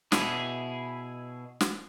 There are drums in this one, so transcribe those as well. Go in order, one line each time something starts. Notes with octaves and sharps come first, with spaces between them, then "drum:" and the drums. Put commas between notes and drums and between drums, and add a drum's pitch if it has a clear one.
B2 E4 G#4, drum: snare
drum: snare